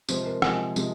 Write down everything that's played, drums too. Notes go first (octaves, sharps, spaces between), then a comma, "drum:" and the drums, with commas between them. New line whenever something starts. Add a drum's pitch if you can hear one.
C3 F3 G#3 C5, drum: tambourine
A#4
C3 F3 G#3 G#4, drum: rim click
C3 F3 G#3, drum: tambourine